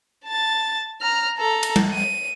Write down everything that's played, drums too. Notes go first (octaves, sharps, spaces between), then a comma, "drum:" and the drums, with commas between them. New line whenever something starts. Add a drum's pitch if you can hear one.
A5 A6
A#5 F6
A4 A#5
drum: cymbal
drum: tom G3
D#7